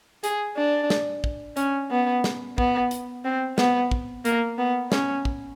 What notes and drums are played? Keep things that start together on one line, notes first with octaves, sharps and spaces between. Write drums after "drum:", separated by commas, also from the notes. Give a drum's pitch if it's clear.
G#4, drum: hi-hat
D4
drum: snare
drum: kick
C#4, drum: hi-hat
B3
drum: snare
B3, drum: kick
drum: hi-hat
C4
B3, drum: snare
drum: kick
A#3, drum: hi-hat
B3
C#4, drum: snare
drum: kick